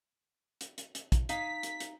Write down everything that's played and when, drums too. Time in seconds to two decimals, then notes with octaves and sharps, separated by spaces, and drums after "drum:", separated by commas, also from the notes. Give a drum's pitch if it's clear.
0.61 drum: hi-hat
0.78 drum: hi-hat
0.95 drum: hi-hat
1.12 drum: kick, hi-hat
1.29 D#4 F5 G#5 B6, drum: hi-hat
1.63 drum: hi-hat
1.80 drum: hi-hat